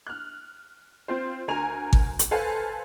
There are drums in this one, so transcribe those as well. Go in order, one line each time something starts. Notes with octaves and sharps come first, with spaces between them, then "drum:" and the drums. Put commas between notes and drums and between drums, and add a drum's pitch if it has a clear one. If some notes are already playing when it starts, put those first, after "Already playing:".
F6 F#6
C4 F4 C5
D2 A#4 G#5 A#5 F7
drum: kick G#1
drum: hi-hat
A4 B4 C5 F5 G#5 A5